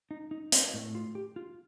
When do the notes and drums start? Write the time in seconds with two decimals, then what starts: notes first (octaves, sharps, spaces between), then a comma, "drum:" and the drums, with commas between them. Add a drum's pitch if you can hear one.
0.11 D#4
0.31 D#4
0.52 C4, drum: hi-hat
0.74 A2
0.95 F4
1.15 G4
1.36 F4